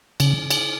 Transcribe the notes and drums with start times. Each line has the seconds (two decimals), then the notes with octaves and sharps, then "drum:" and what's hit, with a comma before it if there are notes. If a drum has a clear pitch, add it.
0.20 C#3, drum: cymbal
0.51 drum: cymbal